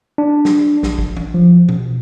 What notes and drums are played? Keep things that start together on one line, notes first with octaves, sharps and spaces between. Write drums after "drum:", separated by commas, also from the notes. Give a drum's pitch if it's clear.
D4
drum: snare
A#1, drum: snare
drum: kick A1
drum: tom E3
F3
B2, drum: tom E3